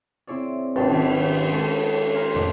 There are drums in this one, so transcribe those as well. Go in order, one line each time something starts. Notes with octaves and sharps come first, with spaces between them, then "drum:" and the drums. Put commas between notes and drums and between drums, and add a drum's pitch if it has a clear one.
C4 E4 G#4 C#5 D5
G#1 F#3 C#5 G5 A5, drum: cymbal
D#3 G#6
G#3 A4 C#5
A#5 C6 F6 G#6
A1 F2 F3 D6